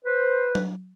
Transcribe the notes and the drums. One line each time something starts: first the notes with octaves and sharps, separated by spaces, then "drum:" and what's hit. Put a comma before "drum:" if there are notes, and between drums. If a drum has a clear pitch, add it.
B4 C5
drum: tom F#3